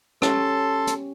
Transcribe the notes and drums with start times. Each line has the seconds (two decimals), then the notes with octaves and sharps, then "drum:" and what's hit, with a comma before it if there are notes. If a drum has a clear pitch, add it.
0.22 C#4 G4 A4 C#5 A5 C6, drum: rim click
0.87 drum: hi-hat